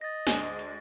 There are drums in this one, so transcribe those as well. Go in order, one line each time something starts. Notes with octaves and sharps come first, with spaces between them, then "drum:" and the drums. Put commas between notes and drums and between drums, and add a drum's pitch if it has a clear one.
D#5 A6 A#6
D2 G#3 D4 G#5, drum: snare
drum: hi-hat
drum: hi-hat